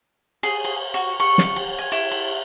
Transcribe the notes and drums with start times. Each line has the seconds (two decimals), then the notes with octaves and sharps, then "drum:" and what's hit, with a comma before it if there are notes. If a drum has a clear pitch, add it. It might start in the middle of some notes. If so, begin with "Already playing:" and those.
0.43 G#4, drum: cymbal
0.65 drum: cymbal
0.94 F#4
1.20 C#6, drum: cymbal
1.38 drum: snare
1.56 drum: cymbal
1.79 G#5
1.92 E4, drum: cymbal
2.12 drum: cymbal